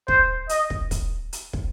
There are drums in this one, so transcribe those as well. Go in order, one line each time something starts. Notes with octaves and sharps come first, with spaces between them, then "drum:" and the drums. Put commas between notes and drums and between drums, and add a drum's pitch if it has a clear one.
C5, drum: kick
D#5, drum: hi-hat
drum: kick
drum: kick, hi-hat
drum: hi-hat
drum: kick